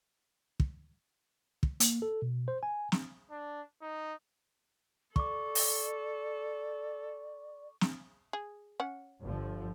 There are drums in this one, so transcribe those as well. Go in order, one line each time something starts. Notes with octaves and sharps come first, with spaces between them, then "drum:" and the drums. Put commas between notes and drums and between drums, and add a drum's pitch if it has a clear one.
drum: kick
drum: kick
A#3, drum: hi-hat
A4
B2
C5
G#5
drum: snare
D4
D#4
A4 D5 C#6 D6, drum: kick
drum: open hi-hat
drum: snare
G#4
C#4 F#5
G1 D3 F3